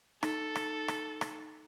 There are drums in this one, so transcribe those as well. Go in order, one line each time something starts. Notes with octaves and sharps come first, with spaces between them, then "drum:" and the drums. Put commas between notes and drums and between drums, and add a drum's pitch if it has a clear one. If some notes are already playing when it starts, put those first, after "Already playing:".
D#4 A4, drum: rim click
drum: rim click
drum: rim click
drum: rim click